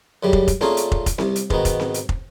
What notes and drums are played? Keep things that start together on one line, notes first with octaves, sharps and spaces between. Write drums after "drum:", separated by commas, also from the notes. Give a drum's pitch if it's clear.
F#2 C#3 G3
drum: kick
drum: kick, hi-hat
A#2 A3 A#3 C#4 F4 G#4, drum: snare C4
drum: hi-hat
drum: kick
drum: kick, hi-hat
C2, drum: snare C4
drum: hi-hat
G#2 B2 D#3 B3, drum: kick
drum: kick, hi-hat
drum: snare C4
drum: hi-hat
drum: kick